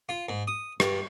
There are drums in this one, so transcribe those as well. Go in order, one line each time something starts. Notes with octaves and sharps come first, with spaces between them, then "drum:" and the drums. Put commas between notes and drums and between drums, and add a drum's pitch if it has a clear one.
F4
G#2
D#6
G2, drum: rim click